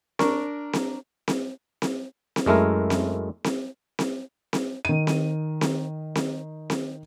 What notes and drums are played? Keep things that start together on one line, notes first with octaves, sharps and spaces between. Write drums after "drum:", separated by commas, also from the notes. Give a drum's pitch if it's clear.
D4 A#4 C#6, drum: snare C4
drum: snare C4
drum: snare C4
drum: snare C4
drum: snare C4
F#2 G#3 A3 E4 A#4
drum: snare C4
drum: snare C4
drum: snare C4
drum: snare C4
D#3 D#7
drum: snare C4
drum: snare C4
drum: snare C4
drum: snare C4